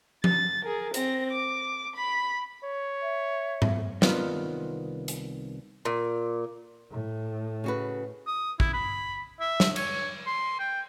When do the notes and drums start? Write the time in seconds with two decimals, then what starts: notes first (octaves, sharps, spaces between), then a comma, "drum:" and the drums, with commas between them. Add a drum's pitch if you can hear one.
0.24 A6, drum: tom F3
0.65 G#4 A#4
0.94 C4 A#6, drum: hi-hat
1.30 D6
1.95 B5
2.64 C#5
3.02 E5
3.62 drum: tom G#2
4.02 C2 C3 D#3 B3 F4, drum: snare
5.08 drum: hi-hat
5.85 A#2
6.91 A2
7.64 C#3 F#4 B4
8.27 D#6
8.60 E4, drum: kick
8.73 B5
9.40 E5
9.60 drum: snare
9.76 C#5, drum: cymbal
10.27 C6
10.59 G5